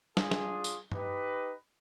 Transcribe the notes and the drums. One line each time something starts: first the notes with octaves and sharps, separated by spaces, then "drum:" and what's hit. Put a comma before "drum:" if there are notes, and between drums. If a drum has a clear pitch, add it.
D4 F4 G#4, drum: snare
drum: snare
drum: tambourine
D#4 G4 B4 D#5, drum: tom G2